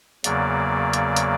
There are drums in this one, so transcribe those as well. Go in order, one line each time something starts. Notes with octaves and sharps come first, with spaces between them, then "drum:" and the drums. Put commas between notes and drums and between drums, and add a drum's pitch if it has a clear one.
E2 C#3 F#3 A#3 D5, drum: hi-hat
drum: hi-hat
drum: hi-hat